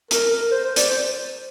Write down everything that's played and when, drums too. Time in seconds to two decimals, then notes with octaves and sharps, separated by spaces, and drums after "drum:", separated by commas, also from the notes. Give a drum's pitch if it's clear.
0.11 A#4, drum: hi-hat
0.31 A#4
0.51 C5
0.64 C5
0.76 D5, drum: hi-hat
0.90 C5